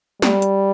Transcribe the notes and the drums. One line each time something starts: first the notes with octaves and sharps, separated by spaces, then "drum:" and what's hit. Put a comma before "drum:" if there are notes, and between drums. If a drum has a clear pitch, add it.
G3, drum: snare
drum: hi-hat